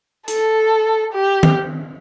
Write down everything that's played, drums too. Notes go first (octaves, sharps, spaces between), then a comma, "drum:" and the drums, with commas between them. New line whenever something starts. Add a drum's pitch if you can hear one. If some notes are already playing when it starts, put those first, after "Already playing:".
A4, drum: hi-hat
G4
drum: tom D#3